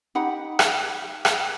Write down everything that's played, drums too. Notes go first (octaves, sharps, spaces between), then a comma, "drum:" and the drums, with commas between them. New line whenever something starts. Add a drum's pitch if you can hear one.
D#4 G4 F#5 B5
drum: rim click
drum: rim click